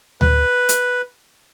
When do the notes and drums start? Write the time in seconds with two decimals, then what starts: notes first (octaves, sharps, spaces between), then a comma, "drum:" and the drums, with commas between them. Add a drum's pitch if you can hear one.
0.21 B4, drum: tom D2
0.69 drum: hi-hat